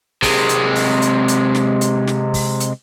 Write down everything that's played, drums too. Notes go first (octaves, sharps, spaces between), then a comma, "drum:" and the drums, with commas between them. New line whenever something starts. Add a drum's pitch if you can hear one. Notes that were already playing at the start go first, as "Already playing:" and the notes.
C3 G#3, drum: kick, open hi-hat
drum: hi-hat
drum: open hi-hat
drum: hi-hat
drum: hi-hat
drum: snare
drum: hi-hat
drum: snare
drum: kick, open hi-hat
drum: hi-hat